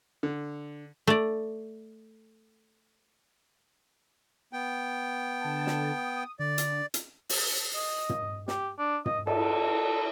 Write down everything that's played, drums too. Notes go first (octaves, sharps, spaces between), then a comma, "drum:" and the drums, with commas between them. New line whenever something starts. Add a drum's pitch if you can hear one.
D3
A3 D5
B3 G5
D3 A5
drum: snare
D#6
D3 D5
drum: hi-hat
drum: hi-hat
drum: open hi-hat
D#5
drum: tom
G4, drum: snare
D4
D#5, drum: tom
A4, drum: cymbal